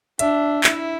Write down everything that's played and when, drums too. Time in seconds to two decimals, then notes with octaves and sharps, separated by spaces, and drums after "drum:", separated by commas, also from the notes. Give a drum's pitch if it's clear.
0.19 D4 E5, drum: hi-hat
0.64 E4, drum: clap